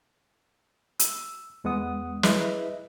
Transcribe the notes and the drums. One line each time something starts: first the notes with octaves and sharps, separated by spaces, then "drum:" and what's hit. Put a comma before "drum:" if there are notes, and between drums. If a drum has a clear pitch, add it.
E6, drum: hi-hat
E2 G#3 B3 F#5 D#6
E4 G#4 B4 D#5 E5, drum: snare